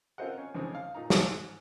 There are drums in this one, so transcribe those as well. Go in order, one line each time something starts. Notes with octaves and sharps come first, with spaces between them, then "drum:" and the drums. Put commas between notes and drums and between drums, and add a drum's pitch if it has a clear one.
C4 F4 A#4 C5 D#5 F#5
C#4
F2 D3 G#3 C4 C#4 D#4
F5
A#2 D#4 A#5
G#2, drum: snare